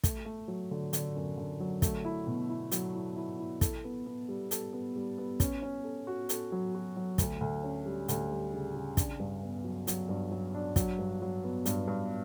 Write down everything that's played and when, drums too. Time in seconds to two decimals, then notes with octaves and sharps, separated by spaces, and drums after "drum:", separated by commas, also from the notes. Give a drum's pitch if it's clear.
0.04 A3, drum: kick, hi-hat
0.25 A3
0.48 F#3
0.71 D3
0.93 D3, drum: hi-hat
1.16 F#2
1.38 D3
1.60 F#3
1.82 A3, drum: kick, hi-hat
2.05 E4
2.27 B2
2.49 E4
2.72 F#3, drum: hi-hat
2.94 E4
3.16 E4
3.39 E4
3.61 A4, drum: kick, hi-hat
3.84 B3
4.06 B3
4.29 G3
4.51 A4, drum: hi-hat
4.73 B3
4.96 G3
5.18 B3
5.40 C#4, drum: kick, hi-hat
5.62 C#4
5.84 A4
6.07 F#4
6.29 A4, drum: hi-hat
6.52 F#3
6.75 F#4
6.96 F#3
7.18 D2, drum: kick, hi-hat
7.41 D2
7.64 C#4
7.86 G3
8.08 D2, drum: hi-hat
8.31 G3
8.53 C#3
8.75 C#3
8.97 D4, drum: kick, hi-hat
9.20 G2
9.43 B3
9.64 F#3
9.87 F#3, drum: hi-hat
10.09 G2
10.31 F#3
10.54 D4
10.76 F#3, drum: kick, hi-hat
10.99 G2
11.22 F#3
11.44 B3
11.66 G2, drum: hi-hat
11.88 G2